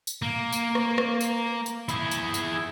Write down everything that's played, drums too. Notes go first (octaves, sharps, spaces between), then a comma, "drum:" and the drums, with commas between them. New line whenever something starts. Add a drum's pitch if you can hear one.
drum: tambourine
A#3
drum: tambourine
drum: rim click
drum: rim click
drum: tambourine
drum: tambourine
E4 G#4, drum: tambourine
drum: tambourine
drum: tambourine